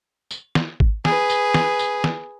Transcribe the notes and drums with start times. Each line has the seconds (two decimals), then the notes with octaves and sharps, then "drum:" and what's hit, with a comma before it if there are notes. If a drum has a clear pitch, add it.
0.31 drum: tambourine
0.55 drum: snare
0.80 drum: kick G#1
1.05 G#4 B4, drum: snare
1.30 drum: tambourine
1.54 drum: snare
1.79 drum: tambourine
2.04 drum: snare